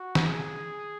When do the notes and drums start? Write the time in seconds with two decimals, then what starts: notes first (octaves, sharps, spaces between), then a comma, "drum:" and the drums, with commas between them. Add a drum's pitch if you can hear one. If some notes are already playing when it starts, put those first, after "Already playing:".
Already playing: F#4
0.15 drum: snare
0.26 G#4